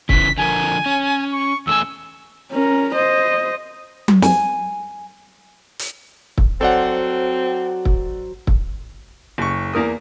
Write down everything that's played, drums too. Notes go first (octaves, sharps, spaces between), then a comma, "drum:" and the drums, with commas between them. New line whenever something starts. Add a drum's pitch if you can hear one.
C#3 E3 B6, drum: kick
D3 F3 A#4 G#5
C#4
C#6
E2 A3 G#5 E6
C#4 A#4
C5 D#5
drum: tom F#3
G#5, drum: snare
drum: hi-hat
drum: kick
F#3 C4 A4 C5 D5 F#5
drum: kick
drum: kick
F#1 C#6
E2 A#3 A#4 D#6